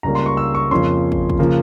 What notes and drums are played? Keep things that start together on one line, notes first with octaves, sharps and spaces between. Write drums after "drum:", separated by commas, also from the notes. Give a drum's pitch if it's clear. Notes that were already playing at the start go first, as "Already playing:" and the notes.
C#2 C#3 G3 A#3 A#5
C6
C#6
E6
C#6
F2 C#3 F3 A#3 C#4 C6
drum: kick
drum: kick
C#3 F3 A#3